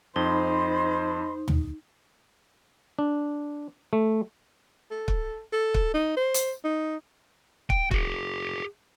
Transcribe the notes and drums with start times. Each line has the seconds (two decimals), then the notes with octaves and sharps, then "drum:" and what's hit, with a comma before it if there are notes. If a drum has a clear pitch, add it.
0.16 F2 D#4 C5 D#5 B5 C6
1.48 drum: tom
2.99 D4
3.93 A3
4.91 A4
5.08 drum: kick
5.53 A4
5.74 drum: kick
5.94 D#4
6.17 C5
6.34 drum: hi-hat
6.64 D#4
7.70 G5, drum: kick
7.91 F#4 G#4, drum: kick